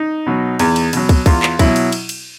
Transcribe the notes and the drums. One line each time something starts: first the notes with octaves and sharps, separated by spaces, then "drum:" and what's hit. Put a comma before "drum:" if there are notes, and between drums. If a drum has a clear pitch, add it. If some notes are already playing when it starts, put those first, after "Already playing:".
Already playing: D#4
B2 F#3
E2, drum: cymbal
drum: cymbal
B2 F#3, drum: cymbal
drum: kick, cymbal
E2 F4, drum: kick, cymbal
drum: clap
B2 F#3 E4, drum: kick, cymbal
drum: cymbal
drum: cymbal
drum: cymbal